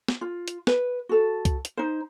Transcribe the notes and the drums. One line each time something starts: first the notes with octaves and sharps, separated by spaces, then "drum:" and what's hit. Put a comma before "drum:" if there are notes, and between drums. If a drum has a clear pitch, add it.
drum: snare
F4
drum: hi-hat
B4, drum: snare
F#4 A4
drum: kick C2, hi-hat
drum: hi-hat
D#4 C5